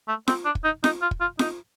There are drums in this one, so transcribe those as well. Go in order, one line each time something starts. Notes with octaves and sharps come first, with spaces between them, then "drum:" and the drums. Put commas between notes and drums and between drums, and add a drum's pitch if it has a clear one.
A3
C4, drum: snare F4
D4
drum: kick
D#4
D#4, drum: snare F4
F4
drum: kick
F4
D#4, drum: snare F4